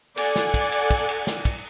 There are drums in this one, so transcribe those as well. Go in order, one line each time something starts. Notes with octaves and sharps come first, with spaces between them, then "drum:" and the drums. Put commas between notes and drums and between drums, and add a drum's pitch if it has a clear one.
A4 D5 F#5 G#5, drum: cymbal
drum: snare
drum: kick, cymbal
drum: cymbal
drum: kick, cymbal
drum: cymbal
drum: snare
drum: kick, cymbal